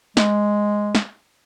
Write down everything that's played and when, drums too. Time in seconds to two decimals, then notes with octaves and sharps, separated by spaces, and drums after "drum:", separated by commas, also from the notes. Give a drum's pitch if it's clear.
0.17 G#3, drum: snare
0.95 drum: snare